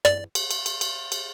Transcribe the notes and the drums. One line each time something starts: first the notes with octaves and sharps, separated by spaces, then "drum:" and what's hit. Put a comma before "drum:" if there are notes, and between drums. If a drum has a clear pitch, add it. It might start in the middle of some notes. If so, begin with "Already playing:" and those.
D5, drum: rim click
drum: cymbal
drum: cymbal
drum: cymbal
drum: cymbal
drum: cymbal